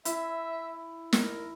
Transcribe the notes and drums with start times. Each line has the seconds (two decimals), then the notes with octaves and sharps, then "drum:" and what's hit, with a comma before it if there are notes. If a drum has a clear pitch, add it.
0.05 E4 E5, drum: hi-hat
1.13 A#4, drum: snare